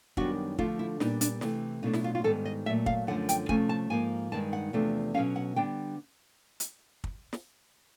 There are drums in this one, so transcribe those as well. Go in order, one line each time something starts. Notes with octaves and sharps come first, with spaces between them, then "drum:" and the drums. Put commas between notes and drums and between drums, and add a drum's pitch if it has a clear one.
F#2 D#3 G3 B3 D4 F#4, drum: kick
D3 F3 A3 D4 F4, drum: kick
E4
A#2 G3 B3 D4 D#4, drum: snare
D4, drum: hi-hat
C3 E3 A3, drum: snare
B2 F#3 A3 D4 D#4
E4, drum: snare
F4
F4
G#2 D#3 G3 B3 A4
D#5
A#2 F#3 A3 E5
F5, drum: kick
F#2 D3 F3 A3 F#5
G5, drum: hi-hat
C3 F3 A3 C#4 G#5, drum: kick
A5
G#2 F3 A#3 G#5
G2 D#3 G#3 A5
F#5
E2 C3 F3 A3 D4
B2 F#3 A3 C#4 F5
F#5
D3 G3 B3 D4 G5
drum: hi-hat
drum: kick
drum: snare